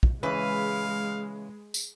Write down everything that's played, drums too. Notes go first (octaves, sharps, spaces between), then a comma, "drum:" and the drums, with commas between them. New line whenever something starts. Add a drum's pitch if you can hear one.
drum: kick
C#3 E3 G#3 B4 D#5 F5
drum: tambourine